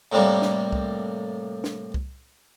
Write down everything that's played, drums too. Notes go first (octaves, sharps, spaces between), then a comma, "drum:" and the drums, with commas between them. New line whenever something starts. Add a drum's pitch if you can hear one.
A2 C3 G3 A#3
drum: snare
drum: kick C2
drum: snare
drum: kick C2